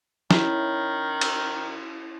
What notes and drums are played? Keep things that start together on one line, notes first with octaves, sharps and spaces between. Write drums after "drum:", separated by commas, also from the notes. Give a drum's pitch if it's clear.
D#3 C#4 E4, drum: snare
drum: cymbal